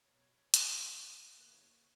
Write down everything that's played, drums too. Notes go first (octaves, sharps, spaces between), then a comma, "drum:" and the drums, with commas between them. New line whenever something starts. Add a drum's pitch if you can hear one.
B2 F#3 B3 C#5
drum: hi-hat
E2 D#3 A#3
C#3 E3 A#3 B4
C#5
C#5